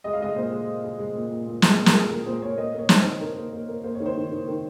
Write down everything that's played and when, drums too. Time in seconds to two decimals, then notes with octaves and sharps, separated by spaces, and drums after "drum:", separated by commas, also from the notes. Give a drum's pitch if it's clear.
0.04 G#3 D#5
0.13 F5
0.21 G#3 D#5
0.36 A#2 C5
0.52 G#3
0.68 A#2
0.84 G#3
0.99 G#3
1.15 A#2
1.31 A#2
1.47 A#2
1.62 G#3, drum: snare
1.79 A#2
1.86 A#4, drum: snare
1.94 A#2 G#4
2.10 A#2 A#4
2.26 A#2 C5
2.42 A#2 C#5
2.57 A#3 D#5
2.74 A#3
2.79 C#5
2.89 D#3, drum: snare
3.00 D#3 C5
3.21 D#3 A#4
3.37 A#3
3.53 A#3
3.68 A#3
3.84 A#3 C5
3.95 C#5
4.00 D#3
4.06 C5
4.16 D#3
4.31 D#3
4.47 D#3